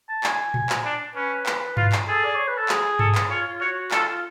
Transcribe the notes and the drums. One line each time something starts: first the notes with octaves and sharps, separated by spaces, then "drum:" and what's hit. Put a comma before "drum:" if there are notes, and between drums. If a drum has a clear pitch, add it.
A5
G#5, drum: clap
drum: tom A2
drum: clap
D4
C#4 B4
drum: clap
F4, drum: tom G2
drum: clap
G#4 A4
D5
C#5
B4
A4
G#4, drum: clap
A4, drum: tom G2
drum: clap
F4 C#5
F4
F#4 C#5
F4 A4, drum: clap
F4